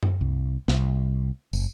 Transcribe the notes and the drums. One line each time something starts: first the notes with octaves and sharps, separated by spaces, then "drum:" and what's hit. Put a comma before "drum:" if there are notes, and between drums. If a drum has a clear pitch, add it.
drum: tom F#2
C2
C2, drum: snare
F#1, drum: tambourine